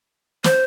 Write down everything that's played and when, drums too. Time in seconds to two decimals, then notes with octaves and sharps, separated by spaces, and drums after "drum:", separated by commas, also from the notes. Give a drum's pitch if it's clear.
0.44 C5, drum: snare